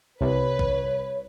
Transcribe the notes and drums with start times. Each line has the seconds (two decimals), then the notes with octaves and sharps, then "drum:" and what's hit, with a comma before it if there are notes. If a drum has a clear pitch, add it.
0.21 C2 B4 C#5
0.59 drum: kick A#1